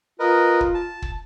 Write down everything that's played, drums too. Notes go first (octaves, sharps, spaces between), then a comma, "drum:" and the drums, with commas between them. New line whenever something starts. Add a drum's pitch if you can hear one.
F4 A#4 B4 D#5
drum: kick
A5
drum: kick